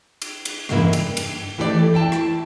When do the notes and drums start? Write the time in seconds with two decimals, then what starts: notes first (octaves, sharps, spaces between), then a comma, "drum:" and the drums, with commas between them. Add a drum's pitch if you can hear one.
0.22 drum: cymbal
0.45 drum: cymbal
0.69 F2 G#2 C#3 E3 A#3 E4, drum: rim click
0.82 G2
0.93 drum: cymbal
1.17 drum: cymbal
1.58 E3 A3 G4 A4 B4 D5
1.94 E4 G5 A5
2.12 drum: rim click